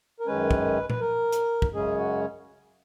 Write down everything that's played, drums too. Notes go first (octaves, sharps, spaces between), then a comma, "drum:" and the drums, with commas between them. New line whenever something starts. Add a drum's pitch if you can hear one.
A#4
F#2 D#3 G#3 C#4 B4
drum: kick
B4, drum: tom A#2
A#4
drum: hi-hat
drum: kick
F#2 C#3 G#3 C#4 G#4
F#4